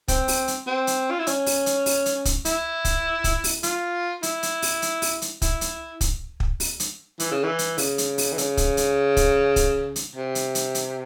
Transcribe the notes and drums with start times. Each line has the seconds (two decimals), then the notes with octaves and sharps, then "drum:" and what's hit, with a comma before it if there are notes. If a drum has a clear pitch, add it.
0.08 C4, drum: kick, hi-hat
0.28 drum: open hi-hat
0.48 drum: hi-hat
0.67 C4
0.87 drum: hi-hat
1.11 F4
1.19 E4
1.27 C#4, drum: hi-hat
1.46 drum: open hi-hat
1.66 drum: hi-hat
1.86 drum: open hi-hat
2.06 drum: hi-hat
2.25 drum: kick, hi-hat
2.45 E4, drum: hi-hat
2.85 drum: kick, hi-hat
3.24 drum: kick, hi-hat
3.44 drum: open hi-hat
3.63 F4, drum: hi-hat
4.23 E4, drum: hi-hat
4.43 drum: hi-hat
4.62 drum: open hi-hat
4.82 drum: hi-hat
5.02 drum: open hi-hat
5.22 drum: hi-hat
5.42 E4, drum: kick, hi-hat
5.61 drum: hi-hat
6.01 drum: kick, hi-hat
6.40 drum: kick
6.60 drum: open hi-hat
6.80 drum: hi-hat
7.20 E3, drum: hi-hat
7.31 C#3
7.44 E3
7.59 drum: hi-hat
7.78 C#3, drum: open hi-hat
7.98 drum: hi-hat
8.18 drum: open hi-hat
8.33 E3
8.38 C#3, drum: hi-hat
8.57 drum: kick, hi-hat
8.77 drum: hi-hat
9.17 drum: kick, hi-hat
9.56 drum: kick, hi-hat
9.96 drum: hi-hat
10.15 C3
10.35 drum: hi-hat
10.55 drum: hi-hat
10.75 drum: hi-hat